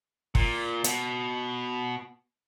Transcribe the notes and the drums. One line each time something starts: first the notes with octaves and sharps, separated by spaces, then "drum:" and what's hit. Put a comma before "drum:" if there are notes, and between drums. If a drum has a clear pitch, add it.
A#2, drum: kick
B2, drum: hi-hat